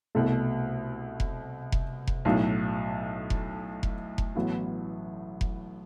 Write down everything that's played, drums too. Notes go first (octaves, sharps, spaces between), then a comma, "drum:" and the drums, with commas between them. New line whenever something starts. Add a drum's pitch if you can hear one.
C2 B2 A3
drum: kick F1
drum: kick F1
drum: kick F1
B1 A2 F#3
drum: kick F1
drum: kick F1
drum: kick F1
A1 A2 F#3 B3 E4
drum: kick F1